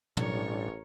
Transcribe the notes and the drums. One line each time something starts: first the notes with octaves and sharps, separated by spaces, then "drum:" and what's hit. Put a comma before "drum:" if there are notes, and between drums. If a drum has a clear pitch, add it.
A1 A2 G3 D4 A#4 C#5 C#6, drum: tom